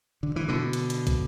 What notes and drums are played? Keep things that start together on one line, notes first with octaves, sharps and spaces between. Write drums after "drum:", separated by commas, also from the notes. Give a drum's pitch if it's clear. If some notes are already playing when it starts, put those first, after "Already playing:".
D3
E3
B2 D3
drum: hi-hat
drum: hi-hat
drum: kick, hi-hat